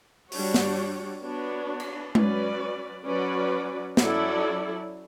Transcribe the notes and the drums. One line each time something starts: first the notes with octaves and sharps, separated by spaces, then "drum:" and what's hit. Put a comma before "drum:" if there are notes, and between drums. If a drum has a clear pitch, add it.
G3 D4 F#4 C#5, drum: open hi-hat
drum: snare
B3 D4 F#4 C#5
drum: cymbal
F#3 C#4 F#4 B4 D5, drum: tom G#3
F#3 C#4 F#4 B4 D5
F#3 C#4 E4 A4 D5, drum: snare